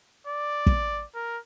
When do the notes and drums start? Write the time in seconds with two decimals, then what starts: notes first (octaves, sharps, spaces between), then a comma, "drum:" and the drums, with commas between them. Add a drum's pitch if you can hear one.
0.27 D5
0.66 drum: kick
1.15 A#4